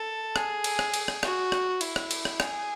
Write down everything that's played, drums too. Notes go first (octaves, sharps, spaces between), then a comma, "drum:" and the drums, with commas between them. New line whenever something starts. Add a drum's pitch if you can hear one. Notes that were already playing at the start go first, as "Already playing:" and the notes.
Already playing: A4
G#4, drum: rim click
drum: cymbal
drum: rim click
drum: cymbal
drum: rim click
F#4, drum: rim click
drum: rim click
E4, drum: cymbal
drum: rim click
drum: cymbal
drum: rim click
G#4, drum: rim click